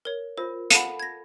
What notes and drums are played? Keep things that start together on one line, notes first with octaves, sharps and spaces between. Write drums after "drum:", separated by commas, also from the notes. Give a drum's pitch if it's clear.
A#4 C#5
F4 A#4 C5
A4 F5 F#5 A5 B5, drum: hi-hat
G#6 A#6